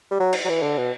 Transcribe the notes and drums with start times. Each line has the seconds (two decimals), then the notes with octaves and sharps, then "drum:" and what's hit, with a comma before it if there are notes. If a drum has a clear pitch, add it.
0.11 G3
0.20 F#3
0.33 drum: cymbal
0.44 F#3
0.49 E3
0.62 D3
0.78 B2